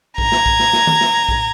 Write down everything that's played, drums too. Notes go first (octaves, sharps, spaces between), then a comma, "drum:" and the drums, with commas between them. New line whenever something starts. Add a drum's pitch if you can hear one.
A#5 G#6, drum: kick A#1
drum: snare
drum: kick A#1
drum: snare
drum: snare
drum: tom D#3
drum: snare
drum: kick A#1